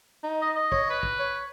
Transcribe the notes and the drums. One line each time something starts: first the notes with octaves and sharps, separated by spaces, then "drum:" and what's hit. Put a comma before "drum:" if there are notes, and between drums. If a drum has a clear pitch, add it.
D#4
D#5
D#5
C#5, drum: kick
B4
drum: kick
C#5